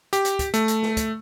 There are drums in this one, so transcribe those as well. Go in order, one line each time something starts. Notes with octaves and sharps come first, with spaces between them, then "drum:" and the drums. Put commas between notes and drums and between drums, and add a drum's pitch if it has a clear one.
G4, drum: hi-hat
drum: hi-hat
drum: kick, hi-hat
A3, drum: hi-hat
drum: hi-hat
drum: snare
drum: kick, hi-hat